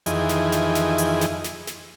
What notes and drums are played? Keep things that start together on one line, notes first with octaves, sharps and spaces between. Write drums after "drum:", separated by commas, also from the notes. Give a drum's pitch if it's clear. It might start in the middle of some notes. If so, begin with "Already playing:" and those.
F2 D#3 E3 G#4, drum: hi-hat
drum: snare
drum: snare
drum: snare
drum: hi-hat
drum: snare
drum: snare
drum: snare